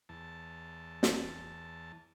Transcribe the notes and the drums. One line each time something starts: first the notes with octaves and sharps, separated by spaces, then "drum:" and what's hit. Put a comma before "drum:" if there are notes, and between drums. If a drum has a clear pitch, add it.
E2 A5
drum: snare